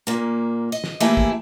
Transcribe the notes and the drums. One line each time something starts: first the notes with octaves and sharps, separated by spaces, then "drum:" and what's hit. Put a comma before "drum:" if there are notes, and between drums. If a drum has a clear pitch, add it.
A#2 A#3
D#5
drum: snare
E3 A3 A#3 E4 G4 G#4
drum: kick